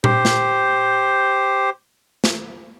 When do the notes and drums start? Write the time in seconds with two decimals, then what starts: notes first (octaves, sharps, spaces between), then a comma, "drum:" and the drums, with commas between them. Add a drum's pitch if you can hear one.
0.04 G4 C5, drum: tom A#2
0.25 drum: snare
2.24 drum: snare